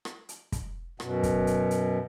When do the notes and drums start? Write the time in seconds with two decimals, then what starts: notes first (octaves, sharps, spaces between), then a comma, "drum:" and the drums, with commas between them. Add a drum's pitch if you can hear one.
0.05 drum: rim click
0.29 drum: hi-hat
0.52 drum: kick, hi-hat
1.00 F#2 B2, drum: rim click
1.23 drum: kick, hi-hat
1.47 drum: hi-hat
1.71 drum: hi-hat